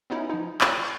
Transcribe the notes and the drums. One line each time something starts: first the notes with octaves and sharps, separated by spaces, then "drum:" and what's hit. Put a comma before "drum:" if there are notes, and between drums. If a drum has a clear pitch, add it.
B3 C#4 D#4 E4
F3 D#4
G5 F#6, drum: clap
C#6 G6 A6 C7